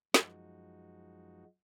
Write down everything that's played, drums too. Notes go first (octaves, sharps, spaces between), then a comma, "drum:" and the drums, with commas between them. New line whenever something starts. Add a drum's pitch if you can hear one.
F#2 F3 G#3 D#4 F#4, drum: snare